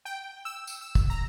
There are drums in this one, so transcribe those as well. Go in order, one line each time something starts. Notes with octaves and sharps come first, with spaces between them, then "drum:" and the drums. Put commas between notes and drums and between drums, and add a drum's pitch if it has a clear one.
G5
E6
drum: tambourine
E6
drum: kick, tambourine
A#5